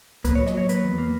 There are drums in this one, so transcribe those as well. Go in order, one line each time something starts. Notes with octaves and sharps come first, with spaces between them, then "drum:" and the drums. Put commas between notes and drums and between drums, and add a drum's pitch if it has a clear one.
A#3 B4, drum: kick C#2, hi-hat
F#3 C#5
D#5, drum: rim click
F#3 C#5
A#3 B4, drum: hi-hat
E2
A#3